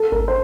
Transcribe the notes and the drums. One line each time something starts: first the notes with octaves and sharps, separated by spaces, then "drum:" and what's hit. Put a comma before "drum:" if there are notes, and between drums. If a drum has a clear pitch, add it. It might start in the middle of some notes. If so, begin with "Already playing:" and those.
Already playing: A4
A#4, drum: kick G#1
C5